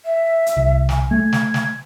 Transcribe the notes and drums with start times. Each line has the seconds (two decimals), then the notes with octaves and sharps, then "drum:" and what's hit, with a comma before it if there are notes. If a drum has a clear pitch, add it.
0.05 E5
0.46 drum: hi-hat
0.57 C2
0.89 G#5, drum: snare
1.11 A3 G#6
1.33 drum: snare
1.54 drum: snare